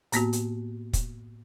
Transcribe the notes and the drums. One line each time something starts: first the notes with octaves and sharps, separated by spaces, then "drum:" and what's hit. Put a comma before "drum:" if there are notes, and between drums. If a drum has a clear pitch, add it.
A2 A#3 B3 F#4, drum: hi-hat
drum: hi-hat
drum: kick, hi-hat